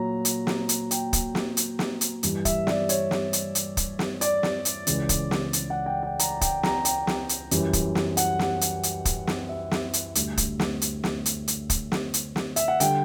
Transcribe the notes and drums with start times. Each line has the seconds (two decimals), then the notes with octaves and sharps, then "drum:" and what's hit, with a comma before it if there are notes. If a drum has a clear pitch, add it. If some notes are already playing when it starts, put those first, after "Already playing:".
Already playing: A#2 F#3 A#5
0.25 drum: hi-hat
0.47 drum: snare
0.69 drum: hi-hat
0.91 G5, drum: hi-hat
1.13 drum: kick, hi-hat
1.35 drum: snare
1.57 drum: hi-hat
1.79 drum: snare
2.01 drum: hi-hat
2.23 G2 E3 G3, drum: hi-hat
2.45 E5, drum: kick, hi-hat
2.67 D5, drum: snare
2.89 C#5, drum: hi-hat
3.11 drum: snare
3.33 drum: hi-hat
3.55 drum: hi-hat
3.77 drum: kick, hi-hat
3.99 drum: snare
4.21 D5, drum: hi-hat
4.43 drum: snare
4.65 drum: hi-hat
4.87 C#2 C#3 E3, drum: hi-hat
5.09 drum: kick, hi-hat
5.31 drum: snare
5.53 drum: hi-hat
5.70 F#5
5.86 G5
6.03 G5
6.19 A#5, drum: hi-hat
6.41 G5, drum: kick, hi-hat
6.63 A#5, drum: snare
6.85 G5, drum: hi-hat
7.07 drum: snare
7.29 drum: hi-hat
7.51 F#2 E3 G3, drum: hi-hat
7.73 drum: kick, hi-hat
7.95 drum: snare
8.17 F#5, drum: hi-hat
8.39 drum: snare
8.61 drum: hi-hat
8.83 drum: hi-hat
9.05 drum: kick, hi-hat
9.27 drum: snare
9.49 E5
9.71 drum: snare
9.93 drum: hi-hat
10.15 D2 D3 G3, drum: hi-hat
10.37 drum: kick, hi-hat
10.60 drum: snare
10.82 drum: hi-hat
11.04 drum: snare
11.26 drum: hi-hat
11.48 drum: hi-hat
11.70 drum: kick, hi-hat
11.92 drum: snare
12.14 drum: hi-hat
12.36 drum: snare
12.56 E5, drum: hi-hat
12.68 F#5
12.80 D3 G3 G5, drum: hi-hat